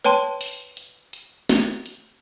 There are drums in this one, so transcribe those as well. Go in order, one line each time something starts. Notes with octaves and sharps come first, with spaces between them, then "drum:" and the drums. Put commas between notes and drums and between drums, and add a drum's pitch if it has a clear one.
B4 C#5 G5 A5 C6, drum: hi-hat
drum: open hi-hat
drum: hi-hat
drum: hi-hat
drum: snare
drum: hi-hat